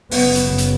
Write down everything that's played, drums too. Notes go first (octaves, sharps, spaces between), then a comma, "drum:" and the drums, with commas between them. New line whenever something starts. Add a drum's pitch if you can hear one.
F#1 F#2 C#3 B3, drum: open hi-hat
drum: hi-hat
drum: hi-hat